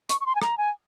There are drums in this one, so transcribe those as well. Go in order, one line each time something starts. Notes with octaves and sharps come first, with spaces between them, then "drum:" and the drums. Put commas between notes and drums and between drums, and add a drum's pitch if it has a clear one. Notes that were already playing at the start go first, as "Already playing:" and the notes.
C#6, drum: hi-hat
C#6
C6
G#5
A#5, drum: rim click
G#5